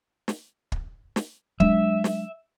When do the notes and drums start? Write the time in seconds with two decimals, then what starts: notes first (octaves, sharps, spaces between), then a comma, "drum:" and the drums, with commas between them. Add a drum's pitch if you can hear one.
0.28 drum: snare
0.72 drum: kick
1.16 drum: snare
1.60 F#3 G#3 D4 E5, drum: kick
2.04 drum: snare